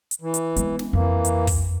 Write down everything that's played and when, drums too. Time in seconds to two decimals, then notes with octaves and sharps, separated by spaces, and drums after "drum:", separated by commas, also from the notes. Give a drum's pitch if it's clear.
0.11 drum: hi-hat
0.22 E3
0.34 drum: hi-hat
0.56 G#3 B3, drum: hi-hat
0.79 drum: snare
0.93 F2 E3 A#3
1.25 drum: hi-hat
1.47 drum: kick, open hi-hat